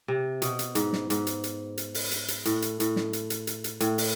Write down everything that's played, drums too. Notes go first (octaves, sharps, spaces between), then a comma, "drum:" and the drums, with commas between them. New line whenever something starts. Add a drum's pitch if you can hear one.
C3
B2, drum: hi-hat
drum: hi-hat
G#2, drum: hi-hat
drum: snare
G#2, drum: hi-hat
drum: hi-hat
drum: hi-hat
drum: hi-hat
drum: open hi-hat
drum: hi-hat
drum: hi-hat
A2, drum: hi-hat
drum: hi-hat
A2, drum: hi-hat
drum: snare
drum: hi-hat
drum: hi-hat
drum: hi-hat
drum: hi-hat
A2, drum: hi-hat
drum: open hi-hat